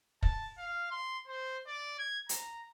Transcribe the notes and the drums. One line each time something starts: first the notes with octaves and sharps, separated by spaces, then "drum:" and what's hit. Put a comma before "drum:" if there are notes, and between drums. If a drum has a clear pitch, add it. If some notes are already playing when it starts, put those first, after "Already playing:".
A5, drum: kick
F5
C6
C5
D5
G#6
A#5, drum: hi-hat